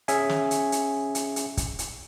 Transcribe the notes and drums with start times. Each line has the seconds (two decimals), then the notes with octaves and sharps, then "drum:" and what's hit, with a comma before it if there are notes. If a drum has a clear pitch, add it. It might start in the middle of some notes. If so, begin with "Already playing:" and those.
0.08 C#4 G#4 E5 G#5, drum: hi-hat
0.29 drum: snare
0.51 drum: hi-hat
0.72 drum: hi-hat
1.15 drum: hi-hat
1.36 drum: hi-hat
1.57 drum: kick, hi-hat
1.79 drum: hi-hat